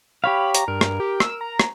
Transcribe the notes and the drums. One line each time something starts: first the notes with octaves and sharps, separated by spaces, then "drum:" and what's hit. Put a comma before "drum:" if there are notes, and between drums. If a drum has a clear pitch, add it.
G4 C#5 F5 B5
A#5, drum: hi-hat
G2 A#4
drum: rim click
G4
E6, drum: rim click
A#5
drum: rim click